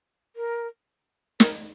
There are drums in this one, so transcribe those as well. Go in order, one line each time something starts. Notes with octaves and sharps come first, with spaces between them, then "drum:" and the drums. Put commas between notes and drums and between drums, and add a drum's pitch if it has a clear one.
A#4
A#4, drum: snare